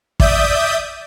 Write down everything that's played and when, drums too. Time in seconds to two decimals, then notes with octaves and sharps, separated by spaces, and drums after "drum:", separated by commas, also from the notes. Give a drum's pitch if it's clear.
0.20 D5 E5 D#6 G6, drum: kick